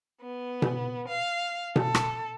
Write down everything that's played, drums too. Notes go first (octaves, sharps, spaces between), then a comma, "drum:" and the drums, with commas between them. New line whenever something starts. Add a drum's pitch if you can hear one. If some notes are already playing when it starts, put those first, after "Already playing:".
B3
drum: tom B2
F5
A4, drum: tom B2
drum: rim click